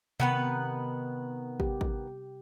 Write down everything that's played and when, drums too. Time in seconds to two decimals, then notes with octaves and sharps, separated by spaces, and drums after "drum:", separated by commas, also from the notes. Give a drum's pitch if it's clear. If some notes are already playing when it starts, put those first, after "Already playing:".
0.20 C3 D#3 B3 B4
1.60 G4, drum: kick
1.81 drum: kick